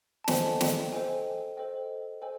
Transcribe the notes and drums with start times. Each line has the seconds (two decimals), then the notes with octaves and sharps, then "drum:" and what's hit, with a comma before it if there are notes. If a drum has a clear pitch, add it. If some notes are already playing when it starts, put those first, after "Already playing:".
0.24 A5
0.28 A4 C5 D#5 G5 G#5, drum: snare
0.61 G5, drum: snare
0.93 A4 C5 D#5 G5 G#5
1.57 A4 C5 D#5 G5
2.22 A4 C5 D#5 G5 G#5